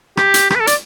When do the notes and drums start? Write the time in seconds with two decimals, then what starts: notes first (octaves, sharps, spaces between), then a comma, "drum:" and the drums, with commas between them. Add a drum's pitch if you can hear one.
0.17 G4, drum: rim click
0.34 drum: hi-hat
0.50 G4, drum: rim click
0.55 B4
0.60 A4
0.67 D5, drum: hi-hat